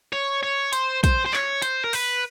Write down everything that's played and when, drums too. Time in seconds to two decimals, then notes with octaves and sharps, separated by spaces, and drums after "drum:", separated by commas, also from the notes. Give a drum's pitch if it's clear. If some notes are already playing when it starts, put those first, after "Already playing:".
0.13 C#5
0.43 C#5
0.73 C5, drum: hi-hat
1.04 C5, drum: kick, hi-hat
1.26 C5
1.33 C#5, drum: clap
1.62 C5, drum: hi-hat
1.83 A#4
1.93 B4, drum: open hi-hat